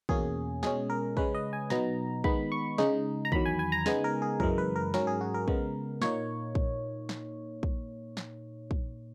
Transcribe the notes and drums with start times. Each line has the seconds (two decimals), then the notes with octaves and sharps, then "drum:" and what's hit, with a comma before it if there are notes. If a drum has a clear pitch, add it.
0.09 E2 B2 A#3 C#4 G#4, drum: kick
0.63 B2 G#3 C#4 G#4, drum: snare
0.90 A#4
1.17 C#3 G#3 C#4 B4, drum: kick
1.35 D#5
1.53 G#5
1.70 B2 F#3 B3 D#4 A#5, drum: snare
2.24 D#3 G#3 B3 D#4 B5, drum: kick
2.52 C#6
2.78 C#3 G#3 D#4, drum: snare
3.25 A#5
3.32 E2 D#3 F#3 B5, drum: kick
3.46 G#5
3.59 G#5
3.72 A#5
3.86 C#3 G#3 B3 D#4 G#5, drum: snare
4.04 A#4
4.22 G#4
4.40 F#2 C#3 E3 G#3 A#4, drum: kick
4.58 B4
4.76 A#4
4.94 G#2 F#3 C#4 A#4, drum: snare
5.07 G#4
5.21 F#4
5.34 A#4
5.48 C#3 G#3 B3, drum: kick
6.02 A#2 A#3 D#4 C#5, drum: snare
6.55 drum: kick
7.09 drum: snare
7.63 drum: kick
8.17 drum: snare
8.71 drum: kick